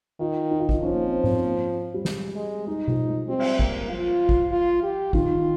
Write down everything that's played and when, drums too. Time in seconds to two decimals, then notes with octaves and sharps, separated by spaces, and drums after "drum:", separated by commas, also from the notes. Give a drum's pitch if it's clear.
0.20 D#3 F4
0.51 D#4
0.60 F4
0.69 D#4, drum: kick
0.82 F3 C#4
0.93 A#3
1.03 C4
1.24 C4, drum: tom G#2
1.44 A#3
1.94 G3
2.05 G#3, drum: snare
2.36 G#3
2.67 G3 D#4
2.88 F3, drum: tom B2
3.08 G#3
3.28 G3 C4
3.39 drum: cymbal
3.59 A#3, drum: kick
3.90 F3 F4
4.29 drum: kick
4.52 F4
4.83 G4
5.13 D#3 F4, drum: kick